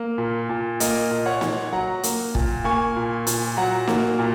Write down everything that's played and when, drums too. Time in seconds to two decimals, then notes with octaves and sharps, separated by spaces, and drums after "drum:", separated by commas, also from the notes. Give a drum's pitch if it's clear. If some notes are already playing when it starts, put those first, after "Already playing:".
Already playing: A#3
0.18 A#2
0.49 A#2
0.80 A#3 A#4 D#5, drum: hi-hat
1.11 A#2
1.26 C#5 F#5
1.41 A#2, drum: snare
1.72 F#3 F#5 A#5
2.03 A#3, drum: hi-hat
2.35 A#2, drum: kick
2.64 A#3 G#5 C#6
2.96 A#2
3.27 A#2, drum: hi-hat
3.57 F#3 F#5 A#5
3.88 A#3, drum: snare
4.19 A#2